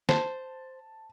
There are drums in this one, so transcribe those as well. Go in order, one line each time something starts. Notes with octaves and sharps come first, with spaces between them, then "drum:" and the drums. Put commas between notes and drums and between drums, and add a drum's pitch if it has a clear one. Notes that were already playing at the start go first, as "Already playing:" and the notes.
C5 A5, drum: snare